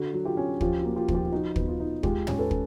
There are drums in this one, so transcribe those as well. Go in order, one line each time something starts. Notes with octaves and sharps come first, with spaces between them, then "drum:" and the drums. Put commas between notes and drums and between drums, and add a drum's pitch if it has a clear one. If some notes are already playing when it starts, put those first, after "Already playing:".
Already playing: D3 F#4
F#3
F4 G4
C#4
F3 F4 G4, drum: kick
F#4
A#3
F4 G4
F3, drum: kick
F4 G4
F4
D#4 F#4
B3, drum: kick
F4
D#4
G#3 F4 G4, drum: kick
C#4, drum: tom
A4 B4
C#4, drum: kick